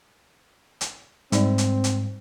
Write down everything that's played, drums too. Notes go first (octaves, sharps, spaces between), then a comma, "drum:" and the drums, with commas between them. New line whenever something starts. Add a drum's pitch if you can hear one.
drum: hi-hat
G#2 G3 C4 D#4 D5, drum: hi-hat
drum: hi-hat
drum: hi-hat